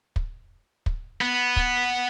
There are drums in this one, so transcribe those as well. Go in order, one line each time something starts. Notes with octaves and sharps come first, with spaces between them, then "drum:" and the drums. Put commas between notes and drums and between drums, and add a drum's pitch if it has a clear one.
drum: kick
drum: kick
B3
drum: kick